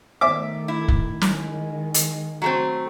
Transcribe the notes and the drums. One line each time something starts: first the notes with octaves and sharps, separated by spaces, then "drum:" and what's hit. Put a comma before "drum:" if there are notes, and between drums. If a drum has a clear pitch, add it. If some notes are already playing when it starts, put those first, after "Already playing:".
D#3 A3 E5 D6
E4
drum: kick
D#3 G#3, drum: snare
drum: hi-hat
F#3 A3 C4